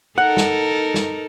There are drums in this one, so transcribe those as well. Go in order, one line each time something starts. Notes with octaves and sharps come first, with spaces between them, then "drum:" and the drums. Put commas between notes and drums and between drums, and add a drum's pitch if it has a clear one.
D#4 A4 A#4 F#5
drum: snare
drum: snare